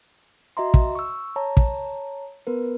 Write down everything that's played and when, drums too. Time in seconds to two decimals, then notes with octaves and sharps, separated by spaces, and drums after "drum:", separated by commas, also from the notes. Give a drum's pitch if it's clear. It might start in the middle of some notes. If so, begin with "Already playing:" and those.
0.57 F#4 D#5 E5 A#5 C6
0.74 drum: kick
0.95 C#6 E6
1.36 C#5 A5 A#5
1.57 drum: kick
2.47 B3 A#4 B4